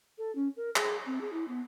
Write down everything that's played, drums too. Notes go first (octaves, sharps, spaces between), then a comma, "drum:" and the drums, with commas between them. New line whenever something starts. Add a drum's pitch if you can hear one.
A4
C#4
A#4
G#4, drum: clap
C4
G#4
E4
B3